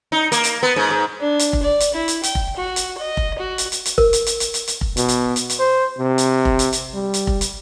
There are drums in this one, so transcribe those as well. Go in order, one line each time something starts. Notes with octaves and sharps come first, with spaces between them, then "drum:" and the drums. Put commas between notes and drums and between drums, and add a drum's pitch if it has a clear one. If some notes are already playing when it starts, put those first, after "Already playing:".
D#4
A#3, drum: hi-hat
drum: hi-hat
B3
G#2
G#2
D4
drum: hi-hat
drum: kick F1
D5
drum: hi-hat
E4
drum: hi-hat
G5, drum: hi-hat
drum: kick F1
F#4
drum: hi-hat
D#5
drum: kick F1
F#4
drum: hi-hat
drum: hi-hat
drum: hi-hat
A#4, drum: kick F1
drum: hi-hat
drum: hi-hat
drum: hi-hat
drum: hi-hat
drum: hi-hat
drum: kick F1
B2, drum: hi-hat
drum: hi-hat
drum: hi-hat
drum: hi-hat
C5
C3
drum: hi-hat
drum: kick F1
drum: hi-hat
drum: hi-hat
G3
drum: hi-hat
drum: kick F1
drum: hi-hat